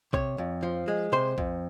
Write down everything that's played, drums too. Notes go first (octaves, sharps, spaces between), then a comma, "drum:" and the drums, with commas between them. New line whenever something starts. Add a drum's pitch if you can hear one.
C3 C#5, drum: kick A#1
F2
F3
G#3
C3 C5
F2, drum: kick A#1